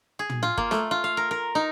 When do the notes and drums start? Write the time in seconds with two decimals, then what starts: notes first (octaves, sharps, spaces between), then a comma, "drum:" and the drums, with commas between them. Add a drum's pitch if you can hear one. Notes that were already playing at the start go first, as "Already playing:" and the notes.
0.19 G#4
0.29 drum: tom
0.43 F4
0.57 A#3, drum: kick
0.71 A3, drum: snare
0.91 F4
1.04 F5
1.17 A#4
1.31 A#4
1.55 D#4